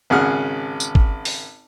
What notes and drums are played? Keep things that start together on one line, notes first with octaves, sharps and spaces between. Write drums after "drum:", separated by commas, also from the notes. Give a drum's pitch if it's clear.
G#1 C#3 G#4 F#5 F6
drum: tambourine
drum: kick
drum: open hi-hat